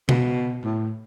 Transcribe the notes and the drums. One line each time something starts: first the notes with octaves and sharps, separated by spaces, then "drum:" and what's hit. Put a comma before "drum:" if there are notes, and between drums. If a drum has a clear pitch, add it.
B2, drum: tom B2
A2